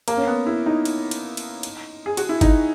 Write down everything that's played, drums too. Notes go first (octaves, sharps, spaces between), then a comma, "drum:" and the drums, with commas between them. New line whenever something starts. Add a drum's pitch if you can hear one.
A#3, drum: cymbal
C#4
B3
E4
D#4
drum: cymbal
drum: cymbal
drum: cymbal
drum: cymbal
G#4
F#4, drum: cymbal
E4
D#4, drum: kick, cymbal